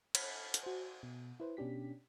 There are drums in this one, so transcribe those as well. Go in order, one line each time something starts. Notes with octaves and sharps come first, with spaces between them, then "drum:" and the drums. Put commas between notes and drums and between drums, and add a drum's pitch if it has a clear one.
B5 F6 A6 B6 C7, drum: cymbal
drum: hi-hat
F#4 C5
B2
E4 B4 C5
B2 C#4 D4 G4 B6